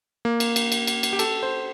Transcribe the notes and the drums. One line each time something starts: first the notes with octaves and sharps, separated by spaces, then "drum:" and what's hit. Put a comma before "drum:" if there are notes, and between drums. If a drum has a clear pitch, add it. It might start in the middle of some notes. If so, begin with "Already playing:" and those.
A#3
drum: cymbal
drum: cymbal
drum: cymbal
drum: cymbal
drum: cymbal
G4
A4, drum: cymbal
C5